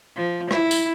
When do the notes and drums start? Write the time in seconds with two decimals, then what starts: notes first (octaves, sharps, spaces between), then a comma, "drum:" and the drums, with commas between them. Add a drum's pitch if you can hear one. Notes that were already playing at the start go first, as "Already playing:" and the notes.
0.16 F3
0.51 E4, drum: rim click
0.71 drum: tambourine